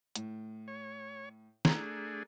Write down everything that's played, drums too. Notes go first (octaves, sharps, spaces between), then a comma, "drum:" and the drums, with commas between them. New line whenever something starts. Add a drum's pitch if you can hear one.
A2, drum: hi-hat
C#5
A3 D4 G#4 A#5, drum: snare